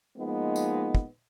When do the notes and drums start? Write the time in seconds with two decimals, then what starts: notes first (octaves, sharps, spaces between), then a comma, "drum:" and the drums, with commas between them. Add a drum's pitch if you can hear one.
0.17 F3 G#3 A#3 B3 D#4
0.56 drum: tambourine
0.95 drum: kick